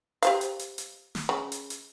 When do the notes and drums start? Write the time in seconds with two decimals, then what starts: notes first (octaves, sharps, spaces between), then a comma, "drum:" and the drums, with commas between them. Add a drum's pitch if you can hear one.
0.23 G4 C5 F5, drum: hi-hat
0.41 drum: hi-hat
0.59 drum: hi-hat
0.78 drum: hi-hat
1.15 drum: snare
1.29 C#3
1.52 drum: hi-hat
1.70 drum: hi-hat